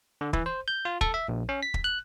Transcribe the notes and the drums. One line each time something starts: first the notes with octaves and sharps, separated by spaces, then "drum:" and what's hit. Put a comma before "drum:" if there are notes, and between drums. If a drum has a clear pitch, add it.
D3
E3, drum: kick
C5
G6
F4
A4, drum: kick
E5
A#1
C#4
B6
drum: kick
F#6